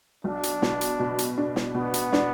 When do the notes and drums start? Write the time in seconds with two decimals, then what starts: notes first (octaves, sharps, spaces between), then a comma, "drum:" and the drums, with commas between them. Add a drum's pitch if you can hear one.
0.24 B1 D4
0.43 drum: hi-hat
0.62 B2, drum: snare
0.81 drum: hi-hat
1.00 B2
1.18 drum: hi-hat
1.38 D4
1.56 drum: snare
1.74 B2 B3
1.94 drum: hi-hat
2.12 D4, drum: snare